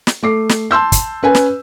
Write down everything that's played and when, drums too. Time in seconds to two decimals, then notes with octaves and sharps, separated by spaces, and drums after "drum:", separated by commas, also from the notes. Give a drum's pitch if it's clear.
0.07 drum: snare
0.23 A3 D6 C7
0.49 drum: snare
0.71 A5 C6 E6 G6
0.92 drum: kick, hi-hat
1.23 C#4 B4 G#5
1.35 drum: snare